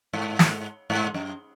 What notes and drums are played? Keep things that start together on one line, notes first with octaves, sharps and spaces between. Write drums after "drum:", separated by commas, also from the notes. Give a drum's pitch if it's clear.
G#2
drum: snare
G#2
F#2